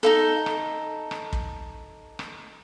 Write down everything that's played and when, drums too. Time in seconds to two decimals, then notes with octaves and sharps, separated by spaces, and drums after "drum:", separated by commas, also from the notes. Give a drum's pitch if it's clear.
0.03 D#4 E4 A4
0.46 drum: rim click
1.11 drum: rim click
1.33 drum: kick
2.19 drum: rim click